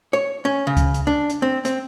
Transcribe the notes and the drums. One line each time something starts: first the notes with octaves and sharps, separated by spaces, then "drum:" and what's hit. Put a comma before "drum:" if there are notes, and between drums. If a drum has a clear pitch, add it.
C#5
C#4
C#3
drum: kick C#2, hi-hat
drum: hi-hat
D4
drum: hi-hat
C4
C4, drum: hi-hat